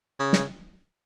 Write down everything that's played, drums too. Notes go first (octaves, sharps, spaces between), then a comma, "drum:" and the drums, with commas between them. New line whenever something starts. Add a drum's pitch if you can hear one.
C#3
drum: snare